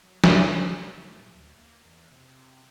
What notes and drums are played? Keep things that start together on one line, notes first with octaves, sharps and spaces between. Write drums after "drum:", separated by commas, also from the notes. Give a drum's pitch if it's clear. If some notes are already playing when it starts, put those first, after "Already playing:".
F#3
G2, drum: snare
F#1
E2
A3
A#2
D2
A#3
E2
C3